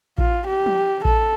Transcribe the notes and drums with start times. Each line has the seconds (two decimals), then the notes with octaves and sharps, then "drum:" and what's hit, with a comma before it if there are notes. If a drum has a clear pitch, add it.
0.18 F4, drum: kick A1
0.47 G4
0.66 drum: tom F3
1.05 A4, drum: kick A1